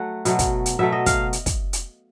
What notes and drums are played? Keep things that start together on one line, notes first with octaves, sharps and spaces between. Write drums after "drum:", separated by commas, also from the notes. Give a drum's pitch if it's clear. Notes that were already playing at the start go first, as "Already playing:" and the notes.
Already playing: F#3 A3 F#5
B2 F#3 A3, drum: hi-hat
drum: kick, hi-hat
drum: hi-hat
B2 F#3 A3 E5
D#5
F5, drum: kick, hi-hat
drum: hi-hat
drum: kick, hi-hat
drum: hi-hat